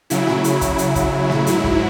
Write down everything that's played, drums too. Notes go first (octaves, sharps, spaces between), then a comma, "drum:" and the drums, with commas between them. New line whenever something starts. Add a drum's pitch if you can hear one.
C#3 F#3 E4, drum: hi-hat
drum: snare
drum: hi-hat
drum: kick, hi-hat
drum: hi-hat
drum: kick, hi-hat
drum: snare
G#2 F#3 E4, drum: hi-hat
drum: kick